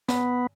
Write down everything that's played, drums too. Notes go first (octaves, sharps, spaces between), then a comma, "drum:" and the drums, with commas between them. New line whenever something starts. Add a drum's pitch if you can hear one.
B3, drum: snare